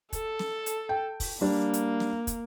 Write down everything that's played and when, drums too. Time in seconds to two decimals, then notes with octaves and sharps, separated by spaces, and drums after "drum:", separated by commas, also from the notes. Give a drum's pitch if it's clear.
0.13 A4, drum: kick, hi-hat
0.39 drum: snare
0.66 drum: hi-hat
0.89 G5
1.20 drum: kick, open hi-hat
1.41 G3 A#3 D4
1.73 drum: hi-hat
2.00 drum: snare
2.27 drum: kick, hi-hat